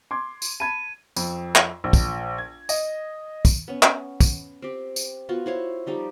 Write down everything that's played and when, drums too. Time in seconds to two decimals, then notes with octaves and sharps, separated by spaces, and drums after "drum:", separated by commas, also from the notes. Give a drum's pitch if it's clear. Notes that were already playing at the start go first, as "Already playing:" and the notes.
0.11 C6 D6 G#6
0.42 drum: tambourine
0.60 A5 B5 G#6 D#7
1.16 F2, drum: tambourine
1.55 drum: clap
1.84 A#1
1.93 drum: kick, tambourine
2.38 G#6
2.69 D#5, drum: tambourine
3.45 drum: kick, tambourine
3.68 B3 C#4
3.83 drum: clap
4.21 drum: kick, tambourine
4.62 C4 G4
4.96 drum: tambourine
5.29 B3 F4 F#4
5.46 E4 C5 C#5
5.86 F3 G3 D#4 G4